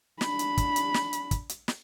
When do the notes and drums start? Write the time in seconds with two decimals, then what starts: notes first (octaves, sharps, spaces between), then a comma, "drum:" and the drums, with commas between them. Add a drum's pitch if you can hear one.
0.21 D4 B5, drum: snare
0.39 drum: hi-hat
0.57 drum: kick, hi-hat
0.76 drum: hi-hat
0.94 drum: snare
1.13 drum: hi-hat
1.31 drum: kick, hi-hat
1.49 drum: hi-hat
1.68 drum: snare